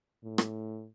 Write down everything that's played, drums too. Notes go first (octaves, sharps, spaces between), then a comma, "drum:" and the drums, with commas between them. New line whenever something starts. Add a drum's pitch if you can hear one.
A2
drum: rim click